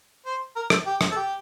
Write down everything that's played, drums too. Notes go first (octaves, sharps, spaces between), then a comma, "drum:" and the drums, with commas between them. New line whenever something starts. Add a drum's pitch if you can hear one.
C5
A#4
A4, drum: rim click
G4
drum: rim click
A4
G4